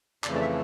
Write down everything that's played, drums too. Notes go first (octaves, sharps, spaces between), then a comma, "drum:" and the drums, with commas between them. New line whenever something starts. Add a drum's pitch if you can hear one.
F2 C#3 E3 A3 D5, drum: clap
D5
E5